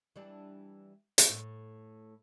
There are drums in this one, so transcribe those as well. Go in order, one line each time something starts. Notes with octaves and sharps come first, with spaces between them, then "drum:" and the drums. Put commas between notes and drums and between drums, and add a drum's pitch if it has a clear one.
E3 G3 D4
drum: hi-hat
A2